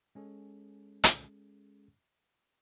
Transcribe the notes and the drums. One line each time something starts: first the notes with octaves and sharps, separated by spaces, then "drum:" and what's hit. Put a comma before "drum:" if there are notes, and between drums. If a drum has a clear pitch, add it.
G#3 C#4 G#4 A4
drum: hi-hat